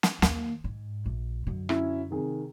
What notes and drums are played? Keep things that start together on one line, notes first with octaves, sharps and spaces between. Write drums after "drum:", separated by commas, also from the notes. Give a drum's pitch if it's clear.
drum: snare
D#2 A#3, drum: snare
G#2
A#1
F#2 D3
F#3 C#4 E4, drum: rim click
C3 D#3 G#4